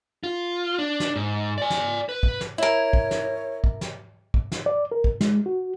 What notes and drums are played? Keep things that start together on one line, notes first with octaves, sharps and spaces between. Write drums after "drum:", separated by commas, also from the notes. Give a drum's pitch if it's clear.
F4
D4
drum: snare
G#2
D5 G#5
drum: snare
B4
drum: kick
drum: snare
E4 A#4 C#5
drum: kick
drum: snare
drum: kick
drum: snare
drum: kick
drum: snare
D5
A#4
drum: kick
G#3, drum: snare
F#4